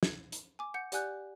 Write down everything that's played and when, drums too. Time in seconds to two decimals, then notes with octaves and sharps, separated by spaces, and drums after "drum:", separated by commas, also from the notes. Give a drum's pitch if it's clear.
0.03 G#6, drum: snare
0.32 drum: hi-hat
0.59 G#5 D6
0.74 F#5 G6 C#7
0.92 G4 D5 F#5 G#5 F#6 G6, drum: hi-hat